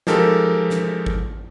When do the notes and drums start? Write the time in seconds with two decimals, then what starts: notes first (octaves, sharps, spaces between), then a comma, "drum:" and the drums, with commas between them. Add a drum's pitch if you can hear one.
0.07 F3 G#3 D#4 G4 A4 A#4, drum: snare
0.70 drum: snare
1.06 drum: kick G#1